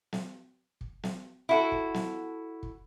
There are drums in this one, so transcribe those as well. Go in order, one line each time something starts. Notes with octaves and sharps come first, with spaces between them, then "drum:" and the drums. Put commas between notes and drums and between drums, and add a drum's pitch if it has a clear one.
drum: snare
drum: kick
drum: snare
E4 F#4 A4
drum: kick
drum: snare
drum: kick